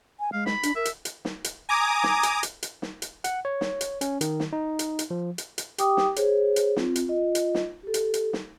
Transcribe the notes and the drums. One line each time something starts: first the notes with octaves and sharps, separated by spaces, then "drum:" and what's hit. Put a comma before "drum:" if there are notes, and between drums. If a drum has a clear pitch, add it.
G#5
G#3 F5
B5, drum: snare
D4, drum: hi-hat
A#4 E5
drum: hi-hat
drum: hi-hat
drum: snare
drum: hi-hat
G#5 A#5 D6 D#6
drum: snare
drum: hi-hat
drum: hi-hat
drum: hi-hat
drum: snare
drum: hi-hat
F#5, drum: hi-hat
C#5
drum: snare
drum: hi-hat
C#4, drum: hi-hat
D#3, drum: hi-hat
drum: snare
D#4
drum: hi-hat
drum: hi-hat
F3
drum: hi-hat
drum: hi-hat
G4 G5 D6 D#6, drum: hi-hat
drum: snare
G#4 C5 C#5, drum: hi-hat
drum: hi-hat
C4 F4, drum: snare
drum: hi-hat
F4 D#5
drum: hi-hat
drum: snare
G4 A4
drum: hi-hat
drum: hi-hat
drum: snare